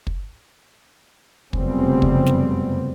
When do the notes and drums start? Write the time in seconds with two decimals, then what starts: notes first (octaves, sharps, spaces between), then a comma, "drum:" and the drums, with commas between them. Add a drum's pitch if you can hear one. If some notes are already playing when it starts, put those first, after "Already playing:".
0.07 drum: kick
1.53 F1 F#2 C#3 G3 B3 C4, drum: kick
2.02 drum: kick
2.26 drum: snare